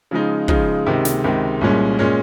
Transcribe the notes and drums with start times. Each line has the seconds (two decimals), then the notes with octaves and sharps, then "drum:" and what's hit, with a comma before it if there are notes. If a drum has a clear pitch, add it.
0.11 C#3 F3 G#3 D#4
0.48 C#3 F3 G#3 D#4, drum: kick
0.86 C#2 C3 D#3 G#3
1.05 drum: snare
1.24 C#2 C3 D#3 G#3
1.61 C2 A#2 G#3 C#4
1.99 A#2 G#3 C#4